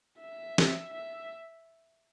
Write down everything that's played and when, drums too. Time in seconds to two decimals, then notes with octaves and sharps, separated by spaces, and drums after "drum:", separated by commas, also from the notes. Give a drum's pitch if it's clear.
0.20 E5
0.58 drum: snare
0.94 E5